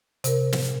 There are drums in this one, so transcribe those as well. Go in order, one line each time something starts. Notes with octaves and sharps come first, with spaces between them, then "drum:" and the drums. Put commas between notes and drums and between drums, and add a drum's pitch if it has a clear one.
C3 A#4, drum: hi-hat
drum: snare